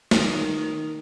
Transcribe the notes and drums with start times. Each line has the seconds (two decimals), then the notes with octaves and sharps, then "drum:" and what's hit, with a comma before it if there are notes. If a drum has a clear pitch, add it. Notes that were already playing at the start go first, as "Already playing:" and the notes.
0.11 D#3, drum: snare